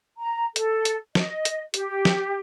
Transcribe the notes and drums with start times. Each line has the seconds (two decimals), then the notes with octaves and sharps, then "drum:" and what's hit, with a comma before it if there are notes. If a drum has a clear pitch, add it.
0.19 A#5
0.56 A4, drum: hi-hat
0.85 drum: hi-hat
1.15 D#5, drum: snare
1.45 drum: hi-hat
1.74 G4, drum: hi-hat
2.05 drum: snare